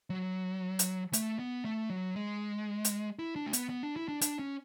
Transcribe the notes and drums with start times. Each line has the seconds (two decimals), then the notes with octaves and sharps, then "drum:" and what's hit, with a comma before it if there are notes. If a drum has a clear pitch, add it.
0.10 F#3
0.79 drum: hi-hat
1.13 A3, drum: hi-hat
1.39 B3
1.65 A3
1.90 F#3
2.16 G#3
2.85 drum: hi-hat
3.19 E4
3.36 D4
3.46 A3
3.53 B3, drum: hi-hat
3.70 B3
3.83 D4
3.96 E4
4.08 D4
4.21 D4, drum: hi-hat
4.39 C#4